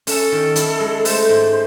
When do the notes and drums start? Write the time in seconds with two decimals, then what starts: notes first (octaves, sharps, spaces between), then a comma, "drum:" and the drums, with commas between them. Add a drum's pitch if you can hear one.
0.07 C#4 A4, drum: open hi-hat
0.32 D#3
0.56 E4, drum: hi-hat
0.80 G#3
1.05 A3 C5, drum: open hi-hat
1.29 G#2